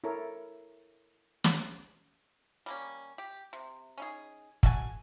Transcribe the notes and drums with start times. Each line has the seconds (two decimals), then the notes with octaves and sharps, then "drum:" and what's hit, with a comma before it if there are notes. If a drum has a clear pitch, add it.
0.04 E4 A4 A#4 C#5
1.44 drum: snare
2.66 G3 A#3 C#4
3.18 G4
3.53 C3
3.98 C#4 D#4 G#4
4.63 F#4 A4 D#5 G#5, drum: kick